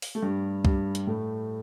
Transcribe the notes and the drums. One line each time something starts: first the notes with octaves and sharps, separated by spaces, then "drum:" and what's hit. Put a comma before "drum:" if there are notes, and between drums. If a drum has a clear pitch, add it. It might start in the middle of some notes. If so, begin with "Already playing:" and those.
drum: open hi-hat
A3
G2 G3
G2 G3, drum: kick C2
drum: hi-hat
A2 A3